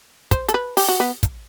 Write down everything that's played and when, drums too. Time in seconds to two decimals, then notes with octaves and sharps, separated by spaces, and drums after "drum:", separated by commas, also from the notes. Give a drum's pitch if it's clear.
0.31 C5, drum: kick, hi-hat
0.49 A4, drum: hi-hat
0.54 B4
0.77 G4, drum: open hi-hat
0.88 F#4
1.00 B3
1.23 drum: kick, hi-hat